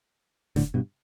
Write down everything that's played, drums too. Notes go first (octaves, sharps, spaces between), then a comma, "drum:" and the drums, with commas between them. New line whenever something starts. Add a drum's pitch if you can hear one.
A2 D3, drum: snare F1
G2 B2